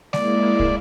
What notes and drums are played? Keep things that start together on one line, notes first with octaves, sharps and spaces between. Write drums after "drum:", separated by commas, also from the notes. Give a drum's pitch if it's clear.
G#3 A#3 E4 D5, drum: snare G#3
drum: kick